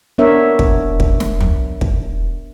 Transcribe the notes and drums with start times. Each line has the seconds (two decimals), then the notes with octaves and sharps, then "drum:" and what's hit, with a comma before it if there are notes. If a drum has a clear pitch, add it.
0.18 B3 D4 A#4 C#5 E5
0.59 drum: kick
1.00 drum: kick
1.20 drum: snare
1.41 drum: tom
1.81 drum: kick